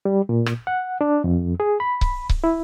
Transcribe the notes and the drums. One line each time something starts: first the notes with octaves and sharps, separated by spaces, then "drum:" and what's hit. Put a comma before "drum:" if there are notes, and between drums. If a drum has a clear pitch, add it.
G3
A#2
drum: rim click
F#5
D4
F2
G#4
B5
drum: kick C#1
drum: kick C#1
E4